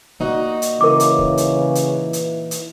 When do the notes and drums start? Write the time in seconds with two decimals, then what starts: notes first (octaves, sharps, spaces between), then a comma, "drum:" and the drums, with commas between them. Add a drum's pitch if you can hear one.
0.20 A#2 D#4 F#4
0.62 drum: hi-hat
0.81 C#3 E3 A#4 D6
1.00 drum: hi-hat
1.19 drum: kick
1.38 drum: hi-hat
1.75 drum: hi-hat
2.13 drum: hi-hat
2.51 drum: hi-hat